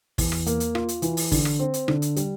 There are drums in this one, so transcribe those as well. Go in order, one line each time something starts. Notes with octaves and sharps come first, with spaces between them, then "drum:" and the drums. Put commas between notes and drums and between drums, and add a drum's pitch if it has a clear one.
E2, drum: kick, open hi-hat
drum: rim click
A#3, drum: hi-hat
drum: hi-hat
F4, drum: rim click
drum: hi-hat
E3, drum: hi-hat
drum: open hi-hat
D3, drum: kick, open hi-hat
drum: rim click
C4
drum: hi-hat
D3, drum: rim click
drum: hi-hat
G3, drum: hi-hat